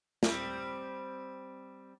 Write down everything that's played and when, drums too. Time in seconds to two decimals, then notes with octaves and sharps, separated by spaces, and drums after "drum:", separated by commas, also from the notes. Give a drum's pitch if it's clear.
0.23 G3 C4, drum: snare